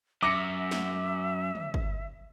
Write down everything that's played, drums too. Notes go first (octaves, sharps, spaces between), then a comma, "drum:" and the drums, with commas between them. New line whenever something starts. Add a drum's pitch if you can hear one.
F#2 E5 D6 A#6 C#7
drum: snare
drum: tom
drum: kick